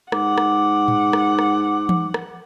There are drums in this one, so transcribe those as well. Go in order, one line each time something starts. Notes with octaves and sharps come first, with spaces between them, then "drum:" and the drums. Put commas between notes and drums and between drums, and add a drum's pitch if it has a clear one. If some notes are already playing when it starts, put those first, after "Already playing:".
G#2 F#5 D6, drum: rim click
drum: rim click
drum: tom A2
drum: rim click
drum: rim click
drum: tom E3
drum: rim click